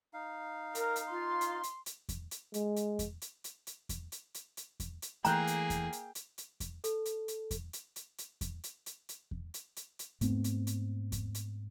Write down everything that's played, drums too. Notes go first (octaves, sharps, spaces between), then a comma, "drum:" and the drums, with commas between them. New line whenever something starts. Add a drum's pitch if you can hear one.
D#4 F5
A#4, drum: hi-hat
drum: hi-hat
F4 C6
drum: hi-hat
drum: hi-hat
drum: hi-hat
drum: kick E2, hi-hat
drum: hi-hat
G#3, drum: hi-hat
drum: hi-hat
drum: kick E2, hi-hat
drum: hi-hat
drum: hi-hat
drum: hi-hat
drum: kick E2, hi-hat
drum: hi-hat
drum: hi-hat
drum: hi-hat
drum: kick E2, hi-hat
drum: hi-hat
E3 A3 A#3 G#4 G5 A#5 F#6 G6, drum: hi-hat
drum: hi-hat
drum: kick E2, hi-hat
drum: hi-hat
drum: hi-hat
drum: hi-hat
drum: kick E2, hi-hat
A4, drum: hi-hat
drum: hi-hat
drum: hi-hat
drum: kick E2, hi-hat
drum: hi-hat
drum: hi-hat
drum: hi-hat
drum: kick E2, hi-hat
drum: hi-hat
drum: hi-hat
drum: hi-hat
drum: kick E2
drum: hi-hat
drum: hi-hat
drum: hi-hat
G#2 A3 B3 C4, drum: kick E2, hi-hat
drum: hi-hat
drum: hi-hat
drum: kick E2, hi-hat
drum: hi-hat